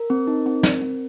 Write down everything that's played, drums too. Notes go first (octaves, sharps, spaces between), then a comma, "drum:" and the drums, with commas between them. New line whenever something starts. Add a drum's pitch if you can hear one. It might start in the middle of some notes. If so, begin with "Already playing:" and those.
Already playing: A#4
C4
D#4
C4
C4, drum: snare
C4